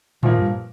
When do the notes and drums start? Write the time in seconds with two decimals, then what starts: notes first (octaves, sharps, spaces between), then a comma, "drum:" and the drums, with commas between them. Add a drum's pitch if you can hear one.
0.23 A#2 D#3 F3 A#3, drum: tom A2
0.38 G2